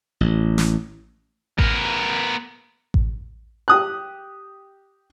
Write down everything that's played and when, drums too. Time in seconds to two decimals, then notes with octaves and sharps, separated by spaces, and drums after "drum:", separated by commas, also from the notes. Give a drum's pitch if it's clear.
0.21 A1
0.58 drum: snare
1.59 B3 A#4, drum: kick A1
2.94 drum: kick A1
3.68 G4 D#6 F#6